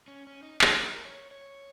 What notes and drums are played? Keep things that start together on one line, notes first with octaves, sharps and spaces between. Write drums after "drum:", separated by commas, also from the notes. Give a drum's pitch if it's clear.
C#4
C#4
D#4
D3, drum: clap
A#4
A#4
C#5
C#5